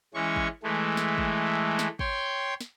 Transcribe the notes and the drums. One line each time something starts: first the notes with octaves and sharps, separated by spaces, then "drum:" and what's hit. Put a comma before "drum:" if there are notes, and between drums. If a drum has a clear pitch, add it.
E3 G#3 C#4 C#6
drum: kick
E3 G#3 A3
drum: snare
drum: kick
drum: snare
C#5 G5 C6, drum: kick
drum: snare